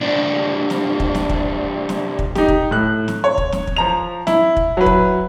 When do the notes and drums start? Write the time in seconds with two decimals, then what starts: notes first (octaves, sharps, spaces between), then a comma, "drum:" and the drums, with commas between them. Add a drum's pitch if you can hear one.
0.01 C2 D4
0.70 drum: snare
1.00 drum: kick
1.15 drum: snare
1.29 drum: kick
1.89 drum: snare
2.19 drum: kick
2.35 D#4 G4, drum: snare
2.48 drum: kick
2.71 A2 F#6
3.08 drum: snare
3.24 C#5
3.38 drum: kick
3.52 drum: snare
3.67 drum: kick
3.76 F3 A#5 F7
4.27 E4, drum: snare
4.57 drum: kick
4.77 F#3 E4 B4
4.86 drum: kick